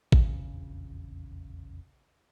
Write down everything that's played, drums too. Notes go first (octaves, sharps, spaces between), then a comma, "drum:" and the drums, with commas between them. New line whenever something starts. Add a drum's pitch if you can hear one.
F1 A#1 E2 C#3, drum: kick A1